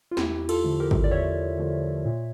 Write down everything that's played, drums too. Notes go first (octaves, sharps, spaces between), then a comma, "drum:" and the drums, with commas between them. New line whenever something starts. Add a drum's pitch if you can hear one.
F4
E2 E4 G4, drum: snare
F4 A4, drum: cymbal
D3 F3 A3
G4 A#4
drum: kick G#1
D5
E2 C#5 E5
D3 F3 A3
A#2